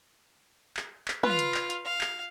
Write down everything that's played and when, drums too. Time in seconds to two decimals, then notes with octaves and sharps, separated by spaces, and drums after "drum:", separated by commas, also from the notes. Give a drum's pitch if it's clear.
0.77 drum: clap
1.08 drum: clap
1.23 F4 B4 F5, drum: tom
1.39 drum: hi-hat
1.54 drum: clap
1.70 drum: hi-hat
1.85 F5
2.01 drum: clap